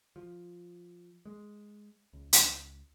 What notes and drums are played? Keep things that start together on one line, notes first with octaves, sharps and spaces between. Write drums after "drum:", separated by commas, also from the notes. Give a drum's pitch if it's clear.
F3
G#3
C#2
drum: hi-hat